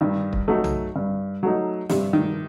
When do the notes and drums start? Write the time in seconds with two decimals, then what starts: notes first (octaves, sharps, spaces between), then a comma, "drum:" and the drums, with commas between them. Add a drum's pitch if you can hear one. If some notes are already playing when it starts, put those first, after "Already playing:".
0.01 G2 D#3
0.33 drum: kick
0.48 F#3 A3 D#4
0.64 drum: tom B1
0.96 G2
1.43 F#3 A3 D#4
1.89 G2 C3, drum: snare
2.13 D#3